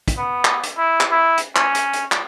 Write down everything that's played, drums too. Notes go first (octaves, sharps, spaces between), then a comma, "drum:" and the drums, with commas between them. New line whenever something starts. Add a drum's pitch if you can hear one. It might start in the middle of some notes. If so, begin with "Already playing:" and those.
drum: kick, hi-hat
B3
drum: clap
drum: hi-hat
E4
drum: clap
E4
drum: hi-hat
C#4, drum: clap
drum: hi-hat
drum: hi-hat
drum: clap